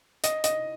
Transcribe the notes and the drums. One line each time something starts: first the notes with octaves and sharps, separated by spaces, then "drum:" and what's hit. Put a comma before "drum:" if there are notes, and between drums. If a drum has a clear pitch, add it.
D#5, drum: hi-hat
D#5, drum: hi-hat